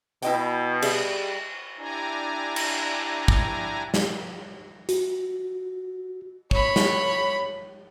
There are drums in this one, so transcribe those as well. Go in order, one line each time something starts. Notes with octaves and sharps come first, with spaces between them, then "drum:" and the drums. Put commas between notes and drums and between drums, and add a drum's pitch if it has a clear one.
B2 E4 D#5 G5, drum: hi-hat
G3 G#4 E5, drum: cymbal
D4 E4 G4 D5 G#5 A#5
drum: cymbal
drum: kick
drum: snare
F#4, drum: hi-hat
C#5 B5, drum: kick
drum: snare